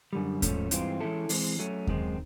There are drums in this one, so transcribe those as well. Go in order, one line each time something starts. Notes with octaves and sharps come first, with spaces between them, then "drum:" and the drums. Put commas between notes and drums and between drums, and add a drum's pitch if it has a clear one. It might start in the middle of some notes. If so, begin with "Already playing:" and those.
F#2 D3 G3
G#2 F3 A3 C#4, drum: kick D#2, hi-hat
G2 E3 G#3 C4 F4, drum: hi-hat
E3 G#3 C#4 E4 A4
E3 G#3 C4, drum: open hi-hat
F#3 A3 C#4
F#2 D#3 G#3 C4, drum: kick D#2